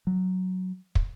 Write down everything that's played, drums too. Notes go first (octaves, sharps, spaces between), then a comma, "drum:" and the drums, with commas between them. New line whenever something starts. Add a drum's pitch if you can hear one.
F#3
drum: kick